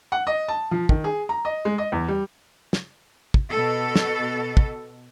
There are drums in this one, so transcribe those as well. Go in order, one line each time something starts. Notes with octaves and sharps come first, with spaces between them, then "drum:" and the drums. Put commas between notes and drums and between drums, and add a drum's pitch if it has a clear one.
F#5
D#5
A5
F3
D#3, drum: kick
G#4
A#5
D#5
G#3
D#5
E2
G3
drum: snare
drum: kick
B2 A4
drum: snare
drum: kick